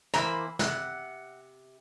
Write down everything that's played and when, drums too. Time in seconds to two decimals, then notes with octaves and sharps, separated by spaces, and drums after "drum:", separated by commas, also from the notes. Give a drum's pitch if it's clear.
0.14 E3 A#3 C5 A#5 B5, drum: snare
0.59 C3 F#5, drum: snare